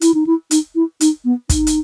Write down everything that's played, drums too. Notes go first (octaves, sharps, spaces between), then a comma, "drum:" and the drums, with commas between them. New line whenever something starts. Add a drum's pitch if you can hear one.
E4, drum: hi-hat
D#4
E4
D#4, drum: hi-hat
E4
D#4, drum: hi-hat
B3
D#4, drum: kick, hi-hat
drum: hi-hat